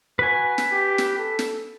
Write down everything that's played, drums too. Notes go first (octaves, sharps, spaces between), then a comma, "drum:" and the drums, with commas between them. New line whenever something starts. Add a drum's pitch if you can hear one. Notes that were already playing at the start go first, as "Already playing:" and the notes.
F#4 B4 G#5
drum: snare
G4
drum: snare
A4
drum: snare